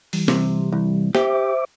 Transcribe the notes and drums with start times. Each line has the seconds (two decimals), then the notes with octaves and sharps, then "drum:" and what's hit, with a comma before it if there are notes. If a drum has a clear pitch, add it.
0.13 E3 G3, drum: open hi-hat
0.28 C3, drum: snare
0.72 C2
1.15 G4 C5 E5 D6, drum: snare